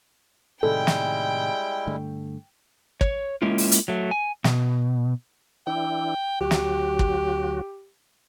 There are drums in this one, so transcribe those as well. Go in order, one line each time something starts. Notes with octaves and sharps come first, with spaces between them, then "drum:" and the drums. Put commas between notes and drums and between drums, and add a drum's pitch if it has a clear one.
A2 C3 D#3 G3 G#3 E4 A4 G5
drum: snare
G2 D3 A3
C#5, drum: kick
G#3 A#3 C#4 E4 F4
drum: open hi-hat
drum: hi-hat
F#3 A3
G#5
B2, drum: snare
E3 D4 E4 G5
D2 F#3 F#4 G4
drum: snare
drum: kick